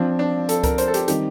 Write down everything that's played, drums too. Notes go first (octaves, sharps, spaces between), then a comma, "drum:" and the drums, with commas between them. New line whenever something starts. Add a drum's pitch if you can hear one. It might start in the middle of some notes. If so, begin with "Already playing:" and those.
Already playing: F3 C4 D4 F4
D4
A4, drum: hi-hat
A#4, drum: kick C#2, hi-hat
C5, drum: hi-hat
A4
G4, drum: hi-hat
D#3 G3 C4 G4, drum: hi-hat